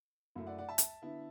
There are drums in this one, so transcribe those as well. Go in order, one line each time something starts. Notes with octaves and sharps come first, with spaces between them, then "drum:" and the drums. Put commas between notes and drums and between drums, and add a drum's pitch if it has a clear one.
F#2 F#3 A3 E4
D5 F#5
D5 F#5
E5 A5
drum: hi-hat
D3 B3 E4